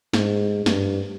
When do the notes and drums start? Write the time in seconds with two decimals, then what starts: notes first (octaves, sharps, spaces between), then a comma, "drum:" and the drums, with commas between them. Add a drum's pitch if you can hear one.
0.14 G#2, drum: snare
0.66 G2, drum: snare